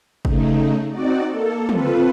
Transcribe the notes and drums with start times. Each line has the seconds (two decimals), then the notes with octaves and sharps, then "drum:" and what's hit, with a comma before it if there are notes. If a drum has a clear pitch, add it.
0.25 C#3 A3 D#4, drum: kick
0.90 C4 D#4 F#4 D5
1.27 A#3 A4
1.69 C4 F4 A4 B4, drum: tom